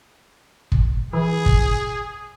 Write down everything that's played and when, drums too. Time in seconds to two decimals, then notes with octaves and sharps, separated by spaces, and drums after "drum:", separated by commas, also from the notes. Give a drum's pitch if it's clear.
0.72 drum: kick
1.13 E3 G#4
1.46 drum: kick